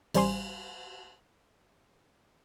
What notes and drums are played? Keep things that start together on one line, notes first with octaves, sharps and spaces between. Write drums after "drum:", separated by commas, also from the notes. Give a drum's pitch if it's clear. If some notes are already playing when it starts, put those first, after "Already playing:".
A1 G3 C5 G#5 C6, drum: cymbal